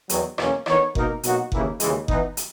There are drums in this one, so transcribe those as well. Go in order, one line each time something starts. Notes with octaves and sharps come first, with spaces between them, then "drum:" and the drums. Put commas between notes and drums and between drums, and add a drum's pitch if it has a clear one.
E2 D#3 F#3, drum: hi-hat
E2 B2 F#3 A#3 C#4, drum: rim click
E3 B3 D#4 A#4 C#5, drum: rim click
B2 A#3 D#4 A#4, drum: kick F#1
B2 F#3 A#3 D#4 F#4, drum: hi-hat
D#2 C#3 E3 A#3 E4, drum: kick F#1
D#2 C#3 E3 G#3, drum: hi-hat
E3 B3 D#4, drum: kick F#1
drum: hi-hat